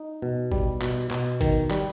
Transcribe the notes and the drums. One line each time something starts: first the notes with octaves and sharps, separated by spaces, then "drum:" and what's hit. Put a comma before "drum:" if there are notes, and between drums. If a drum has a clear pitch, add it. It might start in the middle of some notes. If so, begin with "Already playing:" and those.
Already playing: D#4
B2
G3, drum: kick G#1
B2, drum: clap
B2, drum: clap
D#3, drum: kick G#1, hi-hat
G3, drum: clap